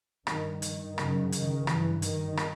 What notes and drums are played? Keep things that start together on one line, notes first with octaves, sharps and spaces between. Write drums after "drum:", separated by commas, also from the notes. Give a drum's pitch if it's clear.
G2 D#3, drum: rim click
D#3, drum: hi-hat
F#2 C#3, drum: rim click
D#3, drum: hi-hat
G2 E3, drum: rim click
D#3, drum: hi-hat
drum: rim click